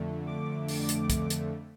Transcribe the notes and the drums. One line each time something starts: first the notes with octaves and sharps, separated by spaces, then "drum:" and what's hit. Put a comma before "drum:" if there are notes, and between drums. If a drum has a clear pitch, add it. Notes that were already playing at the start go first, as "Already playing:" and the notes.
Already playing: F2 D3 A3
D6
D6, drum: open hi-hat
drum: hi-hat
drum: kick, hi-hat
drum: hi-hat